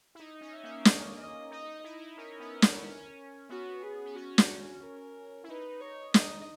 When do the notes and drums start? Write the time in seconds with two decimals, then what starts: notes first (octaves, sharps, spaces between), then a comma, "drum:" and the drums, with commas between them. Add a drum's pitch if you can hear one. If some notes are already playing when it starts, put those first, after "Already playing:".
0.15 E4
0.19 D#4 D#5
0.41 C#4
0.53 E5
0.64 A#3
0.85 D#5, drum: snare
1.19 D#5
1.51 D#4 D#5
1.68 D#4
1.84 E4
2.01 D#4
2.17 C#4 A#4
2.40 B3
2.62 E4, drum: snare
2.75 B3
2.84 C#4
3.50 B3 F#4
3.83 G#4
4.06 B3
4.15 C#4 F#4
4.38 drum: snare
4.82 A#4
5.44 E4
5.49 D#4 B4
5.80 C#5
6.14 D#5, drum: snare